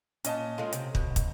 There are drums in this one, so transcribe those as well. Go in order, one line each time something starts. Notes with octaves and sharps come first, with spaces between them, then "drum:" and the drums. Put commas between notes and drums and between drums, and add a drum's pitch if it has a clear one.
A#2 C#4 D#5 A5, drum: hi-hat
G#3 A3 F4
C3, drum: hi-hat
B2, drum: kick
drum: kick, hi-hat